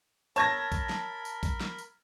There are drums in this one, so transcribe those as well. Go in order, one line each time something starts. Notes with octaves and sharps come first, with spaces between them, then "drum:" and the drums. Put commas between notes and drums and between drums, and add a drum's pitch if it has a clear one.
A#4 C#5 A5 B5 G#6 A#6, drum: tambourine
drum: kick A#1, tambourine
drum: snare
drum: tambourine
drum: kick A#1, tambourine
drum: snare
drum: tambourine